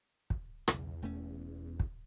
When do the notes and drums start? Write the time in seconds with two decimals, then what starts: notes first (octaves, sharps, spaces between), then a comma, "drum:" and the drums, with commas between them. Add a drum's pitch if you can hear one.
0.30 drum: kick
0.68 B1 E2 C#3, drum: rim click
1.02 E1 A3 C#4
1.80 drum: kick